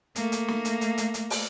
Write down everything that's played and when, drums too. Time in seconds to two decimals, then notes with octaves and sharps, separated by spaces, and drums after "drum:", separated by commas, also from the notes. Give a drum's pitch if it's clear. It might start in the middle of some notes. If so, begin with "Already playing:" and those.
0.16 A3 A#3, drum: hi-hat
0.32 drum: hi-hat
0.48 drum: snare
0.65 drum: hi-hat
0.81 drum: hi-hat
0.98 drum: hi-hat
1.14 drum: hi-hat
1.30 drum: open hi-hat